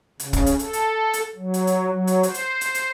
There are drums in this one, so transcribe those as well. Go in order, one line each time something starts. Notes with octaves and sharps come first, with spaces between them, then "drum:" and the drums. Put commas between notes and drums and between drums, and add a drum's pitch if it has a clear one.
C#3, drum: hi-hat
drum: kick, hi-hat
drum: hi-hat
A4, drum: hi-hat
drum: hi-hat
drum: hi-hat
F#3
drum: hi-hat
drum: hi-hat
F#3
drum: hi-hat
C5, drum: hi-hat
drum: hi-hat
drum: hi-hat
drum: hi-hat